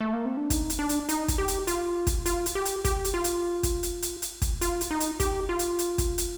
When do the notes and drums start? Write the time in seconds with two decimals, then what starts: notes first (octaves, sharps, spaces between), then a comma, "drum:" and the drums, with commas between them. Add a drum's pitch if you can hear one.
0.01 A3
0.13 A#3
0.25 C4
0.37 D4
0.50 D#4, drum: kick, hi-hat
0.70 drum: hi-hat
0.79 D4
0.89 drum: hi-hat
1.09 D#4, drum: hi-hat
1.28 drum: kick, hi-hat
1.38 G4
1.48 drum: hi-hat
1.67 F4, drum: hi-hat
2.07 drum: kick, hi-hat
2.26 F4, drum: hi-hat
2.46 drum: hi-hat
2.55 G4
2.65 drum: hi-hat
2.85 G4, drum: kick, hi-hat
3.05 drum: hi-hat
3.14 F4
3.24 drum: hi-hat
3.63 drum: kick, hi-hat
3.83 drum: hi-hat
4.02 drum: hi-hat
4.22 drum: hi-hat
4.42 drum: kick, hi-hat
4.61 F4, drum: hi-hat
4.81 drum: hi-hat
4.91 D#4
5.00 drum: hi-hat
5.20 G4, drum: kick, hi-hat
5.49 F4
5.59 drum: hi-hat
5.79 drum: hi-hat
5.98 drum: kick, hi-hat
6.18 drum: hi-hat